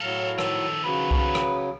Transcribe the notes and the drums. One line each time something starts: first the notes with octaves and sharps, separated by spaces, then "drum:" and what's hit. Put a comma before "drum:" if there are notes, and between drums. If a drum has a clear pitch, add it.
A2 F#3 A4 A#4 F5
D#3 F3 A4, drum: rim click
C#3 F#3 B4
drum: kick C2
drum: rim click